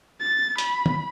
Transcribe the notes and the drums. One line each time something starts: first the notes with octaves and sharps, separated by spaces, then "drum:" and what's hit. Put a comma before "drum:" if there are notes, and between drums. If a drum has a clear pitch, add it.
A6
B5, drum: hi-hat
drum: tom